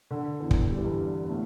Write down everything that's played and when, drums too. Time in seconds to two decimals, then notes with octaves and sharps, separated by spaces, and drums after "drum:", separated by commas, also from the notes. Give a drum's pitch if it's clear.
0.11 D3
0.40 E2 E3
0.51 drum: kick
0.69 G3
0.78 E3
0.85 G2 G3
1.23 B3
1.29 A2 A3